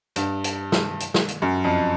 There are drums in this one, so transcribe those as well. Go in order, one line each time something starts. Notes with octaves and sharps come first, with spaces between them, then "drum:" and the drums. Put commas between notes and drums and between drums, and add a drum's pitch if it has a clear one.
G2, drum: hi-hat
drum: hi-hat
drum: snare
drum: hi-hat
drum: snare
drum: hi-hat
F#2
F2